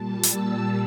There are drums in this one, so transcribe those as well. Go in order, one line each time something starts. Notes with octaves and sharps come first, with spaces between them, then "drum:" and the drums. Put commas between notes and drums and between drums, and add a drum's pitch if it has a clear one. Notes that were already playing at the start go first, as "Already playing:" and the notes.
Already playing: A#2 G3 A5
E6, drum: hi-hat